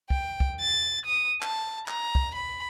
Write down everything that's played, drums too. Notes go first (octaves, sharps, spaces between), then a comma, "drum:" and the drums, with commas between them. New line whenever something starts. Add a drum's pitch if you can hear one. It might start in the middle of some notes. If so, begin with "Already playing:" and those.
G5, drum: kick
drum: kick
A6
D#6
A5, drum: clap
A#5, drum: clap
drum: kick
B5